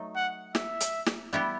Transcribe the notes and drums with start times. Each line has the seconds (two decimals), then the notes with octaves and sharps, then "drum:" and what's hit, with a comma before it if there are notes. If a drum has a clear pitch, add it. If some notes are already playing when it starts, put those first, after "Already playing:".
Already playing: F#3 A3 D#4
0.16 F#5
0.55 E5, drum: snare
0.80 drum: hi-hat
1.06 drum: snare
1.33 G3 B3 E4 G4